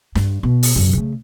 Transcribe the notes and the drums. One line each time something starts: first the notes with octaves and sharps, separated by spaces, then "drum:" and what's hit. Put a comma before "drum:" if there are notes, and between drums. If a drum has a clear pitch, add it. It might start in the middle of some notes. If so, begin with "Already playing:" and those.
G2, drum: snare
B2
drum: open hi-hat
F#2 C#3
C#3 A3